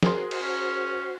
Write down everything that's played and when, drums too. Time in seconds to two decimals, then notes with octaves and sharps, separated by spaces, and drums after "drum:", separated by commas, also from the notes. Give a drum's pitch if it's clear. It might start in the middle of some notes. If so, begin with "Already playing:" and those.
0.03 F#4 G#4 A#4 C5 C6, drum: snare
0.31 drum: cymbal
0.42 C#4